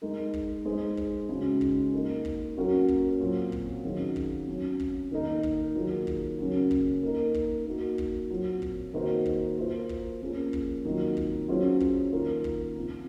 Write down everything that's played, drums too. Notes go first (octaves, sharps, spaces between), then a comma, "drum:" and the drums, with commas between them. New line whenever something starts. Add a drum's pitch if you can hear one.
G#3 D#4 A#4
drum: kick
G#3 D#4 G#4 C5
drum: kick
C#3 G#3 D#4 F#4
drum: kick
A#3 D#4 A#4
drum: kick
F#3 A#3 C#4 F#4 A#4
drum: kick
A#2 F#3 C4 F#4
drum: kick
D#3 F#3 C#4 G#4
drum: kick
C3 F#3 C#4
drum: kick
D#3 A#3 D#4 A#4
drum: kick
D#3 F#3 A#3 F4 G#4
drum: kick
C#3 F#3 A#3 C#4 G#4
drum: kick
A#3 D#4 A#4
drum: kick
A#3 D#4 F#4
drum: kick
A#2 F#3 C4
drum: kick
D#3 A#3 D#4 F#4 C5
drum: kick
A#3 F4 C5
drum: kick
F3 A#3 C#4 G#4
drum: kick
C3 D#3 F#3 A#3 F4
drum: kick
F#3 C#4 F4 G#4 C5
drum: kick
D#3 A#3 F4 A#4
drum: kick
C3 F3 C4